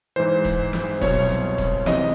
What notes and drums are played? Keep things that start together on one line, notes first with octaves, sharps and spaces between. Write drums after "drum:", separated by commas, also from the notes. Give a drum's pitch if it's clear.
G#2 E3 C5
drum: kick E1, hi-hat
drum: snare
C2 B2 F#3 C#5, drum: kick E1, open hi-hat
drum: hi-hat
drum: kick E1, hi-hat
C#2 C3 E3 D#5, drum: snare